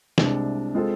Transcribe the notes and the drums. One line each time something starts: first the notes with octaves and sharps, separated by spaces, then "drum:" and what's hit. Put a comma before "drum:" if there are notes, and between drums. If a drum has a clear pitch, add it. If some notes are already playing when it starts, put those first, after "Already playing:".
C2 C3 G#3 D4, drum: snare
G#3 C4 F4 A4